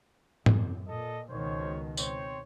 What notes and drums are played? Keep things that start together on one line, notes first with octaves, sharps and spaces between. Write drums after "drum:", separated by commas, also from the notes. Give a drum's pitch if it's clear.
F#2, drum: tom G#2
A#2 A4 D#5
C#2 B2 D#3 C5 C#5
C4 C5 C#5, drum: tambourine